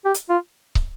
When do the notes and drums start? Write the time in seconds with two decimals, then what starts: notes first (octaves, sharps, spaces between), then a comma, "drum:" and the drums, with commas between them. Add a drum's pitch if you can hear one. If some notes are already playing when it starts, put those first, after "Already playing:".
0.05 G4
0.14 drum: hi-hat
0.30 F4
0.75 drum: kick